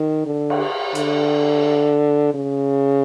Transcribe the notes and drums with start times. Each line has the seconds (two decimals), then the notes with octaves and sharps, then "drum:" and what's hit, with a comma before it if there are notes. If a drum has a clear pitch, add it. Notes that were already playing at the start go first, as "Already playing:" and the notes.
Already playing: D#3
0.26 D3
0.50 drum: cymbal
0.95 D3, drum: hi-hat
2.34 C#3